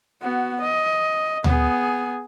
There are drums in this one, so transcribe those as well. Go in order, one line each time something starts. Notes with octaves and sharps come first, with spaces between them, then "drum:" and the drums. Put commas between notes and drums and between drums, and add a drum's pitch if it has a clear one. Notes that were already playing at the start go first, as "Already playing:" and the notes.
B3 F#4
D#5
B3 G#4, drum: tom D2